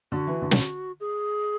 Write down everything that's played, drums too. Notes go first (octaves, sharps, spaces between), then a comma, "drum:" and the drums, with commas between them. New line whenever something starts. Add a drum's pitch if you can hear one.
D3 F#4
E3
D3
drum: snare
G#4